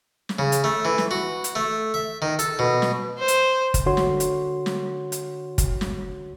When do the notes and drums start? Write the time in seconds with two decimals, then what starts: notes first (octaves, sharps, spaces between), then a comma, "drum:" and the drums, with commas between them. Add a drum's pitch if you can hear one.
0.29 drum: snare
0.39 C#3
0.52 drum: hi-hat
0.64 A3
0.85 E3
0.98 drum: snare
1.11 F#4
1.44 drum: hi-hat
1.55 A3
1.94 E5
2.22 D#3
2.39 A4, drum: hi-hat
2.59 B2
2.82 drum: snare
3.18 C5
3.28 drum: hi-hat
3.74 drum: kick, hi-hat
3.86 D3 F#4 C#5 C6
3.97 drum: snare
4.20 drum: hi-hat
4.66 drum: snare
5.12 drum: hi-hat
5.58 drum: kick, hi-hat
5.81 drum: snare